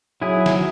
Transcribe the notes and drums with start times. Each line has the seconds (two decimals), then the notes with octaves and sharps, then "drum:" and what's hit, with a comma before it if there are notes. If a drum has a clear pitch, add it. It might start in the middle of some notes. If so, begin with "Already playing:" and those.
0.22 F#3 E4 G#4
0.46 drum: snare